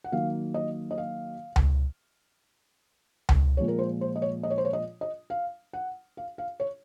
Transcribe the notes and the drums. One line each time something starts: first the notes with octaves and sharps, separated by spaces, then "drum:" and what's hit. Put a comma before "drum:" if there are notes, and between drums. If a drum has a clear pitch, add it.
F#5
D#3 F#3 A#3 F5
D#5
D#5
F5
drum: tom C#2
drum: tom C#2
A#2 F3 G#3 C#5
A#4
C5
C5
D#5
C#5
D#5
C#5
C5
C#5
D#5
D#5
F5
F#5
F5
F5
C#5